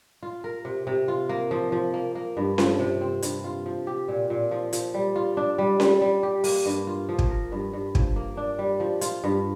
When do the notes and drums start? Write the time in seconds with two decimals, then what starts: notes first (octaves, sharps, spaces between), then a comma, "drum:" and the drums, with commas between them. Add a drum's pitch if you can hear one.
0.23 F4
0.44 A#4
0.65 C3
0.87 C3
1.08 F4
1.29 A#3
1.51 F3
1.72 F3
1.94 A#3
2.15 A#3
2.37 G2
2.58 F3, drum: snare C#4
2.80 C3
3.01 C4
3.22 G2, drum: hi-hat
3.44 F4
3.66 F3
3.87 G4
4.08 A#2
4.30 A#2
4.51 F3
4.73 F3, drum: hi-hat
4.94 G3
5.16 F4
5.37 D4
5.58 G3
5.80 G3, drum: snare C#4
6.01 G3
6.23 G4
6.44 A#3, drum: open hi-hat
6.66 G2
6.87 F4
7.09 F3
7.19 drum: kick
7.30 A#4
7.52 G2
7.73 G2
7.95 F3, drum: kick
8.16 A#3
8.37 D4
8.59 G3
8.80 F3
9.01 F4, drum: hi-hat
9.24 G2